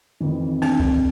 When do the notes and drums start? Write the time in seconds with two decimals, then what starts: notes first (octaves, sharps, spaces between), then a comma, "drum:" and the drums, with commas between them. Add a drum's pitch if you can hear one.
0.20 F2 D#3 E3
0.62 C4 D4, drum: cymbal
0.80 drum: kick C2